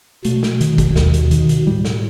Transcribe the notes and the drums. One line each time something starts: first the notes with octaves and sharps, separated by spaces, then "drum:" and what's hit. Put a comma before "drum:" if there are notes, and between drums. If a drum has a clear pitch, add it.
B2 A3, drum: hi-hat
drum: snare
D#3, drum: hi-hat
drum: kick, hi-hat
D#2, drum: snare
drum: hi-hat
D#3, drum: hi-hat
drum: hi-hat
A2 G3
drum: snare